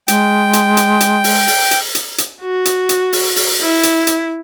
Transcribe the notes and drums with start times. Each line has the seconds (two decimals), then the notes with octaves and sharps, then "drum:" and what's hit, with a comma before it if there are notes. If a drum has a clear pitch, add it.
0.08 G#3 G5, drum: hi-hat
0.53 drum: hi-hat
0.77 drum: hi-hat
1.00 drum: hi-hat
1.24 drum: open hi-hat
1.48 drum: open hi-hat
1.71 drum: hi-hat
1.95 drum: hi-hat
2.18 drum: hi-hat
2.42 F#4
2.65 drum: hi-hat
2.89 drum: hi-hat
3.13 drum: open hi-hat
3.36 drum: open hi-hat
3.61 E4
3.83 drum: hi-hat
4.07 drum: hi-hat